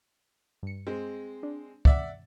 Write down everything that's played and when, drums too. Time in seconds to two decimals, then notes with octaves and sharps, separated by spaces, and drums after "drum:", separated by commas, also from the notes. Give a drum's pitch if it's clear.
0.63 G2 C#7
0.87 G#3 C4
1.43 D4
1.85 D5 E5 F#5, drum: kick